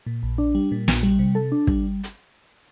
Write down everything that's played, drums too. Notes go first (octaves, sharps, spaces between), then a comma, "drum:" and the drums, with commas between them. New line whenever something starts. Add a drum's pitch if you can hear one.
A#2
A#1
D4
G3
A#2
A#1, drum: snare
G3
C3
A4
D4
G3, drum: kick
drum: hi-hat